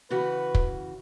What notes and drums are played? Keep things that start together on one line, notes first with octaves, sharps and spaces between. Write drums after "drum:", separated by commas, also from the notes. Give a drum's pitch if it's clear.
C#3 E3 F#4 B4
drum: kick